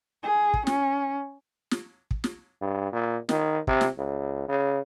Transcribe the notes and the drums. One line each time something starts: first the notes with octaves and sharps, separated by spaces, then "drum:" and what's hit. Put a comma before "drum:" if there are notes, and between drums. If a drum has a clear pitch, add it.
G#4
drum: kick
C#4, drum: snare
drum: snare
drum: kick
drum: snare
G2
A#2
D#3, drum: snare
C3, drum: kick
drum: snare
C#2
C#3